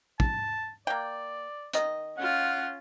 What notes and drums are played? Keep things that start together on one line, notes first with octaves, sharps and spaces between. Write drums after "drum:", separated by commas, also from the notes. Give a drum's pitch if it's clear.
A5, drum: kick
A#3 D5 G5
D#3 D#5, drum: hi-hat
C#4 F4 F#5